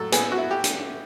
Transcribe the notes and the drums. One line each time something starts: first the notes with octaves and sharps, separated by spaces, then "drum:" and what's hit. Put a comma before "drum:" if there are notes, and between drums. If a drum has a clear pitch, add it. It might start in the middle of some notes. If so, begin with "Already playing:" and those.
Already playing: A2 F#3 A4
B3 G#4, drum: hi-hat
F#4
E4
G4
drum: hi-hat